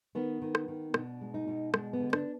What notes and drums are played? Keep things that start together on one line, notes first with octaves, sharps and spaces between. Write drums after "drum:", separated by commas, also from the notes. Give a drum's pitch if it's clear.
D#3 B3
D#3
drum: rim click
D#3
B2 D4, drum: rim click
G#3
D#4
B2
G#3 D4, drum: rim click
B3
D3
D4, drum: rim click